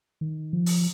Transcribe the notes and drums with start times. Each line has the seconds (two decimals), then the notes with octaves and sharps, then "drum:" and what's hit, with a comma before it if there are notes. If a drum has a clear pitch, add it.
0.21 D#3
0.53 F3
0.66 drum: open hi-hat